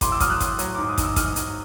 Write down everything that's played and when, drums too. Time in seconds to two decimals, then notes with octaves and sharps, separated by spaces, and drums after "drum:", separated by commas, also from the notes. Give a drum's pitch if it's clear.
0.01 A2 C6 D6, drum: kick, hi-hat
0.11 D6 E6
0.20 F#3 D#6 F6, drum: kick, hi-hat
0.30 E6 F#6
0.40 A2, drum: kick, hi-hat
0.59 F#3, drum: hi-hat
0.75 G#2 D6
0.89 D#6
0.98 G#2, drum: kick, hi-hat
1.03 E6
1.16 G#2 D#6 F6, drum: kick, hi-hat
1.36 G#2, drum: hi-hat